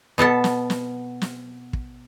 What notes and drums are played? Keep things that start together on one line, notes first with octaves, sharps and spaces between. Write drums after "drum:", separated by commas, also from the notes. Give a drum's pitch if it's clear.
B2 B3 A4 A5
drum: snare
drum: snare
drum: snare
drum: kick